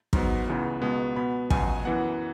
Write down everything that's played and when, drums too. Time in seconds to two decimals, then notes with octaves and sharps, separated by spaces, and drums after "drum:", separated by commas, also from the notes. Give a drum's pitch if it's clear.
0.13 G#2 F#3 B3, drum: kick
0.48 C#2 C#3 E3 B3
0.82 C#2 B2 G#3 B3
1.16 B2 B3 B5
1.50 C#2 B2 F#3 B3 G#5, drum: kick
1.85 F#2 E3 B3 F#5